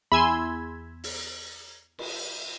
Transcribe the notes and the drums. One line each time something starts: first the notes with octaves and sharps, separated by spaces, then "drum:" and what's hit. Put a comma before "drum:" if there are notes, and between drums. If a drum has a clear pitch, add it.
E2 G#5 B5 C6 E6 G#6
drum: open hi-hat
drum: cymbal